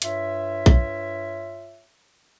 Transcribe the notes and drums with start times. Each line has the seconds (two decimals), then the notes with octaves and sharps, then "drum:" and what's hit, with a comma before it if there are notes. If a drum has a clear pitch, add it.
0.02 G2 F4 C#5 E5, drum: hi-hat
0.66 drum: kick A#1